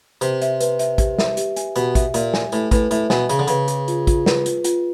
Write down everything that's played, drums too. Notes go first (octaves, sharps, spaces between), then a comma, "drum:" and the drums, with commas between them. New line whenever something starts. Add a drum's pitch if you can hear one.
C3 B4, drum: hi-hat
E5, drum: hi-hat
B4, drum: hi-hat
E5, drum: hi-hat
G4, drum: kick, hi-hat
E5, drum: snare
G4, drum: hi-hat
G#5, drum: hi-hat
B2 G4, drum: hi-hat
E5, drum: kick, hi-hat
A#2 E5, drum: hi-hat
G#5, drum: snare
A2 B4, drum: hi-hat
A2 B4, drum: kick, hi-hat
A2 E5, drum: hi-hat
B2 G#5, drum: snare
C#3 G#4, drum: hi-hat
D3
C#3 B4, drum: hi-hat
G#4, drum: hi-hat
F4, drum: hi-hat
F4, drum: kick, hi-hat
B4, drum: snare
F4, drum: hi-hat
F4, drum: hi-hat